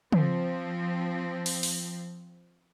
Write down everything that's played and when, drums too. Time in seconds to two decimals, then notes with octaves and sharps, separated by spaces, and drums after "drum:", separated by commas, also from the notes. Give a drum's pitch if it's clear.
0.12 F3 C4, drum: tom
1.46 drum: open hi-hat
1.63 drum: open hi-hat